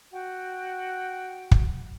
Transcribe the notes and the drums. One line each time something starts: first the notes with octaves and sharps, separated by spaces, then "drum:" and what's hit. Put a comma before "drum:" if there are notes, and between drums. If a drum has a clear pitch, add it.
F#4 F#5 G5
drum: kick